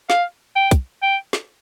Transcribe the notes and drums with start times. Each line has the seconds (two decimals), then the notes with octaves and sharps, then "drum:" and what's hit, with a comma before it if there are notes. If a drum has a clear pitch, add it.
0.10 F5, drum: snare
0.56 G5
0.71 drum: kick, hi-hat
1.03 G5
1.33 drum: snare